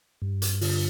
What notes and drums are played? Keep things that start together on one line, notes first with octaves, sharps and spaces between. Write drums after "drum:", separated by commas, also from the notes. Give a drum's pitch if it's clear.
G2
drum: hi-hat
D3 F4, drum: open hi-hat